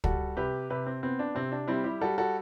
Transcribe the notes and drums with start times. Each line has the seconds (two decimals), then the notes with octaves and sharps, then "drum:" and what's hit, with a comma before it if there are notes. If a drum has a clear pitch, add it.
0.04 G3 F#4 A4, drum: kick
0.37 C3 G4 B4
0.70 C3 G4 B4
0.86 C4
1.03 B3 C4
1.19 D4
1.35 C3 C4
1.52 D4
1.68 G3 C4 E4
1.84 E4 G4
2.01 G3 F#4 A4
2.18 F#4 A4